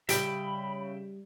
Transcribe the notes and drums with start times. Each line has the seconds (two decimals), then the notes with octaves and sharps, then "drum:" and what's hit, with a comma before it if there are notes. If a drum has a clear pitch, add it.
0.09 C#3 G3 E5 G5 B5, drum: hi-hat